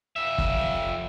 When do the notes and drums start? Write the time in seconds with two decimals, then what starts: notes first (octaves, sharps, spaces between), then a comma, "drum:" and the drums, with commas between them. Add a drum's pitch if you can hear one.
0.16 F2 E5
0.38 drum: kick